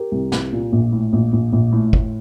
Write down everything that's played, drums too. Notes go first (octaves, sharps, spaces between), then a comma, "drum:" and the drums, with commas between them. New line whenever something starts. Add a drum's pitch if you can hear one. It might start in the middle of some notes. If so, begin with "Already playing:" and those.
Already playing: G4 A#4
C2
C2, drum: snare
A#2
A#1
A2
A#1
A#1
A#1
A2
A2, drum: kick G1